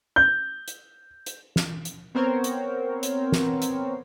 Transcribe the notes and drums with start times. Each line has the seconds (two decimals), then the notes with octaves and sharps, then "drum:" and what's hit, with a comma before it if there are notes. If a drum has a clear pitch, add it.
0.16 G6
0.68 drum: hi-hat
1.26 drum: hi-hat
1.56 drum: snare
1.85 drum: hi-hat
2.15 B3 C4 A#4 C5 C#5
2.44 drum: hi-hat
3.03 drum: hi-hat
3.32 drum: snare
3.62 drum: hi-hat